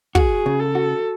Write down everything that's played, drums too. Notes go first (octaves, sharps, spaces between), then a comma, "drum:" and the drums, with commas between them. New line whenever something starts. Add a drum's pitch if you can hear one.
F#4 G#4, drum: kick
C#3
A4
F#4